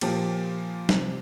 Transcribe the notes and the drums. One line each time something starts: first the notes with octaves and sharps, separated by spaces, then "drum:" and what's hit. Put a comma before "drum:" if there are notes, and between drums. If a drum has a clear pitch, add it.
A#2 F3 A#3 G4, drum: cymbal
C3 F3 C4, drum: snare